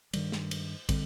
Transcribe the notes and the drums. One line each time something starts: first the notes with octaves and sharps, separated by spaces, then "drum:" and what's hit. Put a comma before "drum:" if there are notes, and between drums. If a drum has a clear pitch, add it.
G2 D#3 G3, drum: cymbal
drum: snare
drum: cymbal
D3 G3 C4, drum: kick, cymbal